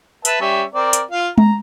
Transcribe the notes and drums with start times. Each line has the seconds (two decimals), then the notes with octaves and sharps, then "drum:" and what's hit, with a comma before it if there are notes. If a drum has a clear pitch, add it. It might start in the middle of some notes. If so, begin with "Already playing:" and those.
0.25 B4 E5 A5, drum: hi-hat
0.41 G3 C#4 E5
0.74 C4 A#4 D5
0.93 drum: hi-hat
1.11 F4 F5
1.38 A#5, drum: tom G#3